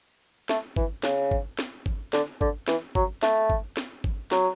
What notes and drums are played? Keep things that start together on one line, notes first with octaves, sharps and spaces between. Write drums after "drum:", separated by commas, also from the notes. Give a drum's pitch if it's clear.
A3, drum: snare
E3, drum: kick
C#3, drum: snare
drum: kick
drum: snare
drum: kick
D3, drum: snare
D3, drum: kick
E3, drum: snare
F#3, drum: kick
A3, drum: snare
drum: kick
drum: snare
drum: kick
F#3, drum: snare